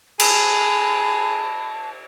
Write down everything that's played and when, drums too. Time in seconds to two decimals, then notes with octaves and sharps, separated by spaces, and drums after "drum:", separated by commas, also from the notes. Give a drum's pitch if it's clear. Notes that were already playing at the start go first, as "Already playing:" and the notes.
0.20 G#4 A5 B5, drum: cymbal